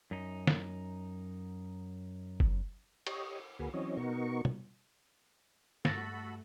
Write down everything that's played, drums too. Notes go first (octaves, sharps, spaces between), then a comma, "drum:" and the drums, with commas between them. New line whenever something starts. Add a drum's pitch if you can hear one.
F#2 D#4
drum: snare
drum: kick F#1
G4 C#5 D#5, drum: cymbal
D2 A#3 F#4 G#4 B4
E3 F#3 C4 C#4 C#5 D#5
B2 B3 D#4 F#4 A#4 C#6
drum: tom
G2 A3 F#4 A4 B5 A6 A#6, drum: snare